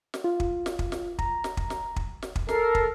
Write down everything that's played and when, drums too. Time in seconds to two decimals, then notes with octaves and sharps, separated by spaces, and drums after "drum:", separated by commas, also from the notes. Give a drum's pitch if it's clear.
0.14 drum: snare
0.24 F4
0.40 drum: kick
0.66 drum: snare
0.79 drum: kick
0.92 drum: snare
1.19 A#5, drum: kick
1.44 drum: snare
1.57 drum: kick
1.70 drum: snare
1.96 drum: kick
2.22 drum: snare
2.36 drum: kick
2.49 A4 A#4 C7, drum: snare
2.75 drum: kick